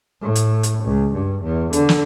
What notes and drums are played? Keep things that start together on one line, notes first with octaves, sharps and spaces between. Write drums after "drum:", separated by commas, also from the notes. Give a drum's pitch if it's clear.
A2
drum: hi-hat
drum: hi-hat
C#2
G2
E2
D3, drum: hi-hat
drum: snare